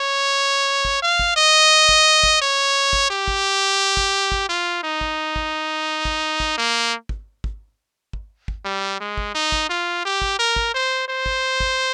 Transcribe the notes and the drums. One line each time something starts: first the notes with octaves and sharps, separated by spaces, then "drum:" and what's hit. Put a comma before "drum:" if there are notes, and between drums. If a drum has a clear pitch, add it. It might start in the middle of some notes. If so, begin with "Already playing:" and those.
Already playing: C#5
drum: kick
F5
drum: kick
D#5
drum: kick
drum: kick
C#5
drum: kick
G4
drum: kick
drum: kick
drum: kick
F4
D#4
drum: kick
drum: kick
drum: kick
drum: kick
A#3
drum: kick
drum: kick
drum: kick
drum: kick
G3
G#3
drum: kick
D#4
drum: kick
F4
G4
drum: kick
A#4
drum: kick
C5
C5
drum: kick
drum: kick